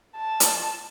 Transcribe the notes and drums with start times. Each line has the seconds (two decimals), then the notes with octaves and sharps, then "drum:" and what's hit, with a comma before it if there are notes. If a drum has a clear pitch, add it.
0.17 A5
0.40 drum: hi-hat